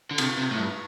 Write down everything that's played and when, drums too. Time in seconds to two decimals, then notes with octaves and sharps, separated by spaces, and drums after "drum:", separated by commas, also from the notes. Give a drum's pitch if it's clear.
0.11 D3
0.18 C3, drum: cymbal
0.38 C3
0.51 A2
0.58 G2